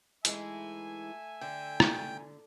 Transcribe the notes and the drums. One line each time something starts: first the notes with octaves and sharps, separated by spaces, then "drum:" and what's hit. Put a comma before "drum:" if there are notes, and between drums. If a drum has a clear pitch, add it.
E3 G#3 A3 D#4 E5 G#5, drum: hi-hat
D3 G5
drum: rim click